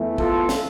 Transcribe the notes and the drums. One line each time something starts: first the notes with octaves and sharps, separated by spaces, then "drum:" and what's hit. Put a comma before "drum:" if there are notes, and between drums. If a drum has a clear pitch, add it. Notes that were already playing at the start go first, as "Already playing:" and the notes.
Already playing: E2 E3 A3
F4 A4, drum: kick
drum: snare